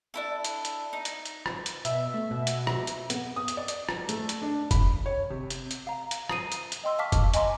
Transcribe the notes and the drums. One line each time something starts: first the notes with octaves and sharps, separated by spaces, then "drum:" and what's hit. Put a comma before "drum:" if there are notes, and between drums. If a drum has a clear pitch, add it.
D4 E4 A4
drum: hi-hat
drum: hi-hat
D#4
drum: hi-hat
drum: hi-hat
drum: rim click
drum: hi-hat
B2 E5, drum: hi-hat
A3
B2
drum: hi-hat
drum: rim click
drum: hi-hat
B3, drum: hi-hat
D#6
drum: hi-hat
D5
drum: hi-hat
drum: rim click
A3, drum: hi-hat
drum: hi-hat
D4
B5, drum: kick F1, hi-hat
C#5
C3
drum: hi-hat
drum: hi-hat
F5 A#5
drum: hi-hat
D#6 C7 D#7, drum: rim click
drum: hi-hat
drum: hi-hat
D#5 G5 C6 E6
F5 A5 C#6 D6 F6 B6
drum: kick F1, hi-hat
D#5 G#5 A#5 C6 D6, drum: hi-hat